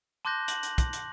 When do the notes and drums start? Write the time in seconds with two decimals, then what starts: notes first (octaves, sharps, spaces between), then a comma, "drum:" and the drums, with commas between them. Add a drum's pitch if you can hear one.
0.25 A5 C6 D6 F#6 G6 A#6
0.48 F#7, drum: hi-hat
0.63 drum: hi-hat
0.78 drum: kick, hi-hat
0.93 drum: hi-hat